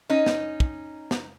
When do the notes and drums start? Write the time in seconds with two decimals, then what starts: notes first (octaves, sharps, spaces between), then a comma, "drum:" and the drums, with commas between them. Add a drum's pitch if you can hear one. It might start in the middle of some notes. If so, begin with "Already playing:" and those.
0.10 C#4 D#4
0.26 drum: snare
0.60 drum: kick
1.11 drum: snare